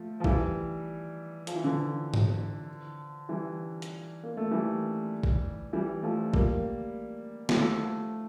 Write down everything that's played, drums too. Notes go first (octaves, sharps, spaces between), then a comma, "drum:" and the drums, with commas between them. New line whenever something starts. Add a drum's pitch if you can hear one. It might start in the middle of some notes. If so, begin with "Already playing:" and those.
Already playing: F3 A3
F3
E3 G3, drum: kick A1
F3, drum: hi-hat
E3
D3 F3
drum: tom
E3 G3
drum: hi-hat
A#3
A3
E3 G3
drum: kick A1
E3 G3
F3 A3
G3 A#3, drum: kick A1
G3, drum: snare
F3 A3